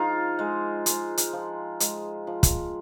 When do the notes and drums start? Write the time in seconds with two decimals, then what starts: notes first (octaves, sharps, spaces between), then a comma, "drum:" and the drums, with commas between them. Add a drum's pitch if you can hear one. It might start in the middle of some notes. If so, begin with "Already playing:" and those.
Already playing: F3 D#4 F4 G#4
0.39 G#3
0.86 G#3, drum: hi-hat
1.17 drum: hi-hat
1.33 F3
1.80 G#3, drum: hi-hat
2.27 F3
2.43 drum: kick, hi-hat